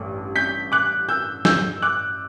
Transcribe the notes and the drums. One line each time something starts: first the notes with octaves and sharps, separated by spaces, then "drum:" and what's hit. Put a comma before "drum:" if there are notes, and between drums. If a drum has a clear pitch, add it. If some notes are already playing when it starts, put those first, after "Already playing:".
Already playing: A1 G2 A3
G6 B6
D6 F#6
E6 G6
E6 G6, drum: snare
D6 F#6